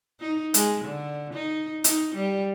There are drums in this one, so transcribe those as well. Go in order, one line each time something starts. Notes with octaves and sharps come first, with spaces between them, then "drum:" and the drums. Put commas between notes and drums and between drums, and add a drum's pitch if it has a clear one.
D#4
G#3, drum: hi-hat
D3
D#4
D#4, drum: hi-hat
G3